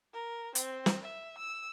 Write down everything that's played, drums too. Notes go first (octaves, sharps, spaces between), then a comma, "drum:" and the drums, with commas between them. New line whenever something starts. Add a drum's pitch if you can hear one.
A#4
C4, drum: hi-hat
drum: snare
E5
E6